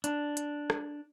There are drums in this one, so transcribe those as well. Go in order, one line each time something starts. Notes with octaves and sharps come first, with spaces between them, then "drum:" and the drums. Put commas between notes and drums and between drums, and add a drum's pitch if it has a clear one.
D4, drum: hi-hat
drum: hi-hat
drum: rim click